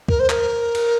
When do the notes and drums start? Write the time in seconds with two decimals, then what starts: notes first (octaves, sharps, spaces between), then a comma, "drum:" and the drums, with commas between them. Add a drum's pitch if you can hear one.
0.08 A#4, drum: kick
0.19 C5
0.29 A#4, drum: clap
0.75 drum: cymbal